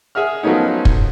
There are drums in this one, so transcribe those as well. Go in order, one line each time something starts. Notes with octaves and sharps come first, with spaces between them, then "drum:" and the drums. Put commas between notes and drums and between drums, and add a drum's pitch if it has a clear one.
G#4 E5 F#5 F6
F3 F#3 A3 B3 C#4 D#4
drum: kick